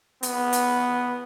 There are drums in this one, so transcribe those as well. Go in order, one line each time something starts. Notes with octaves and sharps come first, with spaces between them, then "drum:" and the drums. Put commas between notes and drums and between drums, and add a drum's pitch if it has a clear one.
B3, drum: hi-hat
drum: hi-hat